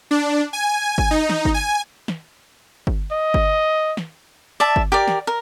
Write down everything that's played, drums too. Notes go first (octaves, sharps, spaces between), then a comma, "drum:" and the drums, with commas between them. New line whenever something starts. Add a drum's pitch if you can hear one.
D4
G#5
drum: kick G1
D#4
drum: snare
drum: kick G1
G#5
drum: snare
drum: kick G1
D#5
drum: kick G1
drum: snare
D5 E5 A5
drum: kick G1
G4 A#4 D5
drum: snare
A#4